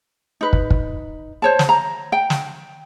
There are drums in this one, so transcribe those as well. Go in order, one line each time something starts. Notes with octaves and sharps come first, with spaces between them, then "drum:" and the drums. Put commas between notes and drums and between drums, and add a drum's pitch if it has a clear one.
D#4 B4
drum: kick
drum: kick
C5 C#5 A5
drum: snare
A#5
G5
drum: snare